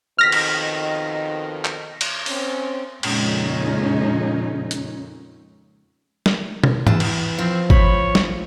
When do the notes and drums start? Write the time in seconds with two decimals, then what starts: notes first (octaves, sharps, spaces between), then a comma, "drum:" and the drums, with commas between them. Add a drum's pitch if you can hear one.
0.18 F2 B2 D#3 F6 A#6 B6
0.32 drum: cymbal
1.65 drum: clap
2.01 drum: cymbal
2.26 C4 C#4, drum: open hi-hat
3.03 F2 A#2 C#3 G#3 C#4 D#4, drum: cymbal
4.71 drum: hi-hat
6.26 drum: snare
6.64 drum: tom B2
6.87 E2 A5, drum: tom G#2
7.00 drum: cymbal
7.38 F3 C4
7.70 C#5 B5, drum: kick
8.15 drum: snare